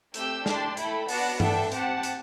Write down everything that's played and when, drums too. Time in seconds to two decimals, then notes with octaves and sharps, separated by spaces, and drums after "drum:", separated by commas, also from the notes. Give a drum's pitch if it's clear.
0.14 A3 C4 G4 E6 G6, drum: hi-hat
0.46 D4 G4 A5 C6, drum: snare
0.77 A3 E4 A4 G5 B5, drum: hi-hat
1.08 B3 D4 F#4 F#5 A5, drum: open hi-hat
1.40 D4 A4 E5 G5, drum: tom G2
1.72 C4 G4 F#5 A5, drum: hi-hat
2.03 drum: hi-hat